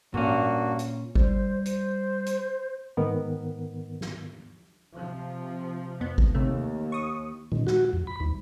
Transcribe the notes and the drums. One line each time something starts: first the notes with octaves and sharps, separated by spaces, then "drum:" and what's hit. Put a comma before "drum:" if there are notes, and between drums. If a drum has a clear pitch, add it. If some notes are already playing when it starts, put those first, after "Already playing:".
G2 A#2 A#3 C#4 F#4, drum: tom G#2
drum: hi-hat
G3 C5, drum: kick G#1
C5, drum: hi-hat
drum: hi-hat
G#2 D#3 B3 A#4
drum: snare
C3 F3
F2 B3
drum: kick G#1
D#2 C3 A3
C#6 D#6
D#3, drum: tom A#2
F#4, drum: snare
F2
B5
D#2, drum: tom